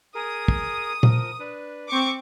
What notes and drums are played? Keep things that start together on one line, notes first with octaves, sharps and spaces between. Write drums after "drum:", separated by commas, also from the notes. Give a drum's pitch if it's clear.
G#4 A#4 D#6
drum: kick
F3 A#4, drum: tom A#2
D4 B4
C4 C#6 D6